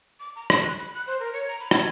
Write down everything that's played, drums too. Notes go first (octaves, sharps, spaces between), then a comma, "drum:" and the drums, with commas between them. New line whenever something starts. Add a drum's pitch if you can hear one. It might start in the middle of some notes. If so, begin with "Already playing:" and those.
D6
A#5
B5, drum: rim click
F#6
B5
F#6
C5
A#4
C#5
A#5
B5
G#6, drum: rim click